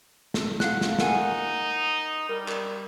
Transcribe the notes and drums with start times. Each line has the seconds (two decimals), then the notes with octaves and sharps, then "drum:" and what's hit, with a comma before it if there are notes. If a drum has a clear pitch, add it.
0.34 drum: snare
0.60 F5 F#5 F#6, drum: snare
0.81 drum: snare
0.99 D#4 A#4 F#5 G#5, drum: snare
2.29 G3 A#4
2.48 drum: clap